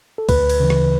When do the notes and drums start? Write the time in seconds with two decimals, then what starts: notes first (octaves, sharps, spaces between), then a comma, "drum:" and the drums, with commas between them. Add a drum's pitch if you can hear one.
0.18 A4
0.29 D2 B4, drum: kick C#2, cymbal
0.49 drum: cymbal
0.60 C#3 E3
0.70 drum: rim click